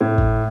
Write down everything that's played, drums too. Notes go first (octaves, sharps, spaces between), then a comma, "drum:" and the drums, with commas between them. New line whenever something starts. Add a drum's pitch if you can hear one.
A2
drum: kick G#1